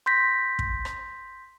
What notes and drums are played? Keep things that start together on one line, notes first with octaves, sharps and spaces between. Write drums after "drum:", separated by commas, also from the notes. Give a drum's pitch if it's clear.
C6 G6 A#6 B6
drum: kick
drum: rim click